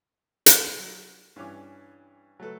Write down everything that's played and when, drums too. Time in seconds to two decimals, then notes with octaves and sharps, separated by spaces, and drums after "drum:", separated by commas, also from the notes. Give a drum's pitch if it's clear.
0.46 drum: hi-hat
0.79 F#3
1.36 G2 E3 C#4 C#5 D6
2.40 F#3 A3 A4 B4